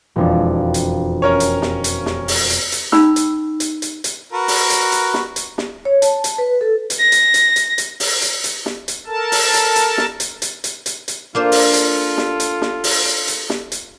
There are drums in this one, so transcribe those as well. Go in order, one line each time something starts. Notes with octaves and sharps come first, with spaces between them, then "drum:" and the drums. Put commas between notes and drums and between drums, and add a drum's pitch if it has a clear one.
E1 F2 D4
drum: hi-hat
C#4 A#4 C#5
drum: hi-hat
drum: snare
drum: hi-hat
drum: snare
drum: open hi-hat
drum: hi-hat
drum: hi-hat
C#4 D#4 B5 E6, drum: snare
drum: hi-hat
drum: hi-hat
drum: hi-hat
drum: hi-hat
F#4 A#4 B4
drum: open hi-hat
drum: hi-hat
drum: hi-hat
drum: snare
drum: hi-hat
drum: snare
C#5
A5, drum: hi-hat
drum: hi-hat
B4
A4
drum: hi-hat
A#6
drum: hi-hat
drum: hi-hat
drum: hi-hat
drum: hi-hat
drum: open hi-hat
drum: hi-hat
drum: hi-hat
drum: snare
drum: hi-hat
A4 A#4 A5
drum: open hi-hat
drum: hi-hat
drum: hi-hat
drum: snare
drum: hi-hat
drum: hi-hat
drum: hi-hat
drum: hi-hat
drum: hi-hat
A#3 D4 F4 A4 C5
drum: open hi-hat
drum: hi-hat
drum: snare
drum: hi-hat
drum: snare
drum: open hi-hat
drum: hi-hat
drum: snare
drum: hi-hat